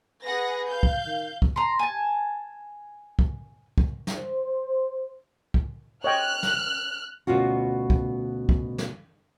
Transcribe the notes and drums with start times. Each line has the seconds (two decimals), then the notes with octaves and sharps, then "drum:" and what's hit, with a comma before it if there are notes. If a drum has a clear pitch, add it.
0.24 G#4 B4 F#5 A#6
0.69 F5 G6
0.83 drum: kick
1.06 D#3
1.42 drum: kick
1.56 A#5 C6
1.79 G#5 A5
3.19 drum: kick
3.78 drum: kick
4.07 drum: snare
4.17 C5
5.54 drum: kick
6.04 C#5 D#5 G5 F6 F#6
6.43 drum: snare
7.27 D2 B2 C#4 F4 F#4
7.90 drum: kick
8.49 drum: kick
8.78 drum: snare